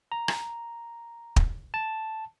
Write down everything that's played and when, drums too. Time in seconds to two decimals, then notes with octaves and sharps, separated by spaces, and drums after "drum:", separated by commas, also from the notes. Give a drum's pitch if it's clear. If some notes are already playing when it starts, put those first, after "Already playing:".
0.12 A#5
0.28 drum: rim click
1.36 drum: kick
1.74 A5